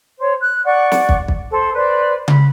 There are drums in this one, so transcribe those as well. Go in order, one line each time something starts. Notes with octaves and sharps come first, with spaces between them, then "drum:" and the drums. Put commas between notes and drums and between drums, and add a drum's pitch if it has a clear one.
C5 C#5
F#6
D5 F#5 C#6
drum: snare
drum: kick
drum: kick
A4 C5
B4 C5 D5
B5, drum: tom C#3